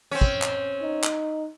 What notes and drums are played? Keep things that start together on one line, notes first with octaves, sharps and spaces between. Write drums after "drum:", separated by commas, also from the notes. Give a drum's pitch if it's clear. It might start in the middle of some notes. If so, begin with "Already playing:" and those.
C4 C#4
drum: kick
drum: clap
D#4
drum: clap